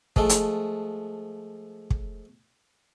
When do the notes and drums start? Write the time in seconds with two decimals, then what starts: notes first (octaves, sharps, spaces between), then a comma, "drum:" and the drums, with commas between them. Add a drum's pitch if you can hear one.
0.16 F3 G#3 A3, drum: kick
0.29 drum: hi-hat
1.90 drum: kick